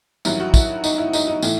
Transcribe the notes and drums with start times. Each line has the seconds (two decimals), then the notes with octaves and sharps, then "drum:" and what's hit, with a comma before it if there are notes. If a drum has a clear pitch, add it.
0.25 A1 G2 D#3 F#3 E4, drum: tambourine
0.40 F#4
0.54 E4, drum: kick, tambourine
0.84 D#4, drum: tambourine
0.98 E4
1.13 D#4, drum: tambourine
1.28 D#4
1.43 A2 E3 E4, drum: tambourine